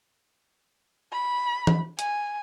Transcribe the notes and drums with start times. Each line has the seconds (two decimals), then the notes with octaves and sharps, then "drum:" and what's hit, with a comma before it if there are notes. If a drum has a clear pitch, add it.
1.12 B5
1.67 drum: tom E3
1.99 G#5, drum: hi-hat